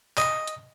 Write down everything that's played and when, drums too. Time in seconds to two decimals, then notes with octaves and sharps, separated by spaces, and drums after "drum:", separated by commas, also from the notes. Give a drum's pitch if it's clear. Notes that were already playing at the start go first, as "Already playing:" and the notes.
0.18 D#5, drum: clap
0.47 drum: hi-hat